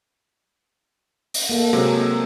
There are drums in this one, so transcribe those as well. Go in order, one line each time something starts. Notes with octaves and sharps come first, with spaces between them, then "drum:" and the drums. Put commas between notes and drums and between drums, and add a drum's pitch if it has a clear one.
drum: open hi-hat
A#3 A4
C3 F#3 G#3